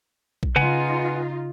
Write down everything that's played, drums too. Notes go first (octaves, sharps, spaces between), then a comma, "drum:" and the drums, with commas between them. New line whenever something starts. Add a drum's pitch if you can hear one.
drum: kick A#1
C#3 D#4 F4 B4 F#5 G#5